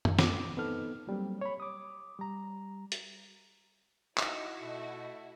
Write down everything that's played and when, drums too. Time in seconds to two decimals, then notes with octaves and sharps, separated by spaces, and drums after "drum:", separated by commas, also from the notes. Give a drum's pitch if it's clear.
0.05 drum: tom F#2
0.19 D6, drum: snare
0.57 B3 C4 D#4 A4 F6
1.07 F#3 G3 A#3 C4
1.41 C#5 B5
1.60 D6 D#6
2.19 G3 A#5
2.92 drum: hi-hat
4.17 D#4 E4 F#4 D#5, drum: clap
4.62 B2 A3